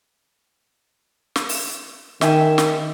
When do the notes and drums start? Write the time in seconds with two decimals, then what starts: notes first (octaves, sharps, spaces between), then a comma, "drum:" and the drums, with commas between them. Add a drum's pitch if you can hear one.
1.36 drum: snare
1.49 drum: open hi-hat
2.21 D#3 E5 G5 G#5, drum: snare
2.58 drum: snare